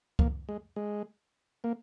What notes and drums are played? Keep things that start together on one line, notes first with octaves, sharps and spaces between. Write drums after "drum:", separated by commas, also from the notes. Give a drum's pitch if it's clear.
A#3, drum: kick C#2
G#3
G#3
A#3